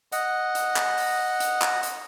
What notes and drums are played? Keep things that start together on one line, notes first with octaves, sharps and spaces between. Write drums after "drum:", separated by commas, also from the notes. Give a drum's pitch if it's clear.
D#5 F#5, drum: hi-hat
drum: hi-hat
drum: clap
drum: open hi-hat
drum: hi-hat
drum: clap
drum: hi-hat